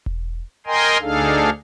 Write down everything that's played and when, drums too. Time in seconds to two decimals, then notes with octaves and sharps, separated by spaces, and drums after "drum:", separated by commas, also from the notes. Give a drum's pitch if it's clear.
0.06 drum: kick E1
0.67 A#4 D#5 G5 G#5 A#5 C6
1.01 D2 D4 D#4 G#4 A4 F5